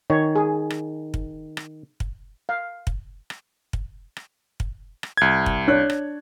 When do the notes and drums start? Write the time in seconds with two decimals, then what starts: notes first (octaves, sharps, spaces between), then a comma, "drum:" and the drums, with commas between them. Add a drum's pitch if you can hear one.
0.10 D#3 C#5
0.36 G#4
0.70 drum: rim click
1.14 drum: kick
1.57 drum: rim click
2.00 drum: kick
2.49 F5
2.87 drum: kick
3.30 drum: rim click
3.73 drum: kick
4.17 drum: rim click
4.60 drum: kick
5.03 drum: rim click
5.17 C2 G#6
5.46 drum: kick
5.67 D4 C#5 F#6
5.90 drum: rim click